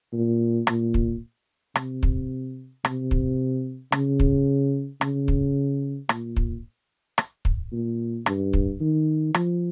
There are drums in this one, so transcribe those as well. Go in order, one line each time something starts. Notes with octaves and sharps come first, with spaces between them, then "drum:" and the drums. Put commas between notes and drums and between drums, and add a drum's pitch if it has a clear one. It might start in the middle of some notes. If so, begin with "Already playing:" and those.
A#2
A#2, drum: rim click
drum: kick
C3, drum: rim click
drum: kick
C3, drum: rim click
drum: kick
C#3, drum: rim click
drum: kick
C#3, drum: rim click
drum: kick
A#2, drum: rim click
drum: kick
drum: rim click
drum: kick
A#2
G2, drum: rim click
drum: kick
D#3
F3, drum: rim click